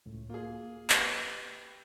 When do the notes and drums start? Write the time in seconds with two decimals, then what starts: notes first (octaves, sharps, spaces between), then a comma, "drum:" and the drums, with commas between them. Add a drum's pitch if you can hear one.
0.06 C#2 A2
0.30 A#3 F4 G#4
0.90 G4 B4, drum: clap